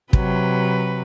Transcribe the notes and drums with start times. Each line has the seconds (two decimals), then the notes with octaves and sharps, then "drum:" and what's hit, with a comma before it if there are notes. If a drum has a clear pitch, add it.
0.13 C3 F#3 B4, drum: kick